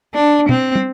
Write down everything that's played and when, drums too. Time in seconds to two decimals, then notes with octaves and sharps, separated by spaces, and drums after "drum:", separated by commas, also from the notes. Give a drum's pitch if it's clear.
0.15 D4
0.49 C4, drum: tom
0.75 drum: tom